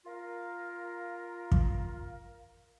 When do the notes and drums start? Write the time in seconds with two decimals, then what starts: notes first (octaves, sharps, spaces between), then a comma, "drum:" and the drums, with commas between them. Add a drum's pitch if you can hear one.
0.06 F4 A#4
1.52 drum: kick